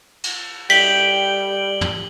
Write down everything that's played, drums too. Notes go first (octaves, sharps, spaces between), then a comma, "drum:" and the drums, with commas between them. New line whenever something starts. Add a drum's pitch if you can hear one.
drum: cymbal
G3 G5 B6 F#7 G7, drum: cymbal
drum: tom